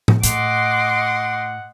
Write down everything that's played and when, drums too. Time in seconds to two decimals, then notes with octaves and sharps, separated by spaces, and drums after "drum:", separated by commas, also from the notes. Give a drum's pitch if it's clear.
0.08 drum: tom A2
0.23 A2 D#5 F#5 C6 D6, drum: hi-hat